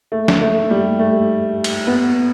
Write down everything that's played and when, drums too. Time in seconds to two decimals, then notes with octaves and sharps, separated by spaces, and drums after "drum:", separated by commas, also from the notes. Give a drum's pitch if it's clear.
0.12 A3
0.28 drum: snare
0.41 A3
0.70 G3
0.99 A3
1.64 drum: cymbal
1.87 B3